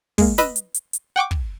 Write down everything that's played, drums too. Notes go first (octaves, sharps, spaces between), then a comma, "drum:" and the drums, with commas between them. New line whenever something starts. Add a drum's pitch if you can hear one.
G#3 A#3, drum: kick, open hi-hat
B4 D#5 B5 E6 F#6, drum: snare
drum: hi-hat
drum: hi-hat
drum: hi-hat
F#5 G5 C#6 D6
drum: kick